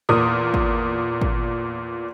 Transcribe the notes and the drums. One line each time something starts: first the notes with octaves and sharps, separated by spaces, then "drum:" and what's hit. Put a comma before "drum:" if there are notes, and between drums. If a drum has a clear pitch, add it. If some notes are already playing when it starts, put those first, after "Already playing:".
E2 A#2 A#4 D#6
drum: kick
drum: kick